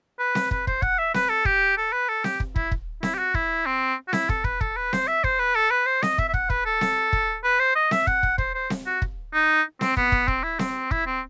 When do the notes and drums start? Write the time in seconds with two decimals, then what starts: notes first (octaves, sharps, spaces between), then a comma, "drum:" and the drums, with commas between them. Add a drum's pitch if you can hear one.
0.19 B4
0.35 drum: snare C4
0.51 B4, drum: kick
0.67 C5, drum: kick
0.82 F#5, drum: kick
0.99 E5
1.14 B4, drum: snare C4
1.29 A4
1.45 G4, drum: kick
1.77 A4
1.92 B4
2.09 A4
2.24 G4, drum: snare C4
2.40 drum: kick
2.56 E4, drum: kick
2.71 drum: kick
3.03 E4, drum: snare C4
3.14 G4
3.19 F#4
3.34 E4, drum: kick
3.66 C4
4.08 F#4
4.13 E4, drum: snare C4
4.29 A4, drum: kick
4.44 B4, drum: kick
4.61 A4, drum: kick
4.76 B4
4.93 C5, drum: snare C4
5.07 E5
5.24 C5, drum: kick
5.39 B4
5.55 A4
5.71 B4
5.86 C5
6.02 D#5, drum: snare C4
6.18 E5, drum: kick
6.28 E5
6.34 F#5, drum: kick
6.50 B4, drum: kick
6.66 A4
6.81 drum: snare C4
7.13 drum: kick
7.44 B4
7.59 C5
7.75 D#5
7.91 E5, drum: snare C4
8.07 F#5, drum: kick
8.23 drum: kick
8.38 C5, drum: kick
8.54 C5
8.70 drum: snare C4
8.86 F#4
9.02 drum: kick
9.34 D#4
9.81 C4, drum: snare C4
9.97 B3, drum: kick
10.12 drum: kick
10.28 C4, drum: kick
10.43 E4
10.59 C4, drum: snare C4
10.91 E4, drum: kick
11.06 C4